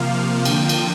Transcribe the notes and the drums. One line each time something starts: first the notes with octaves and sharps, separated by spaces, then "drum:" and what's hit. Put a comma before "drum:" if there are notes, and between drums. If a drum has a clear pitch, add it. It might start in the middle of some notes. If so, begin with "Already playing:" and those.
Already playing: C3 F3 A#3 F5
D3 F3 A#3 G5, drum: cymbal
drum: cymbal